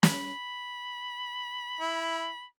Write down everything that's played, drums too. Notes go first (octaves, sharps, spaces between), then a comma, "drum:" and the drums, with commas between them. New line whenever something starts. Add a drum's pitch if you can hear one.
B5, drum: snare
E4